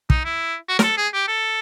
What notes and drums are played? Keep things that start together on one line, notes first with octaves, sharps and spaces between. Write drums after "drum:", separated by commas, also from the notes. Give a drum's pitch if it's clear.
D#4, drum: kick
E4
F#4
A#4, drum: snare
A4
G#4
G4
A4